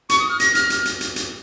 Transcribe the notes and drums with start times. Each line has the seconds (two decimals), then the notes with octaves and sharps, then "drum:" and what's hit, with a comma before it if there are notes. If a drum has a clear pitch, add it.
0.09 C#6, drum: hi-hat
0.19 D#6
0.29 F6
0.40 A#6, drum: hi-hat
0.55 F6, drum: hi-hat
0.70 drum: hi-hat
0.85 drum: hi-hat
1.01 drum: hi-hat
1.16 drum: hi-hat